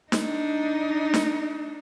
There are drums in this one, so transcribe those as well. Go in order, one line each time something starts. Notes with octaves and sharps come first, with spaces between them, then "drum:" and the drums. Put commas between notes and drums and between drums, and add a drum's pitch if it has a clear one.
D4 D#4, drum: snare
drum: snare